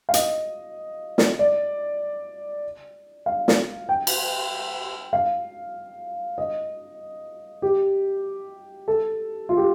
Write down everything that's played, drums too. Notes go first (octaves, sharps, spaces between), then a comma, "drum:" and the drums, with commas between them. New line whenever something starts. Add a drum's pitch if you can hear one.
F5
D#5, drum: hi-hat
drum: snare
D5
F5
drum: snare
G5
drum: cymbal
F5
D#5
G4
A4
F4
G4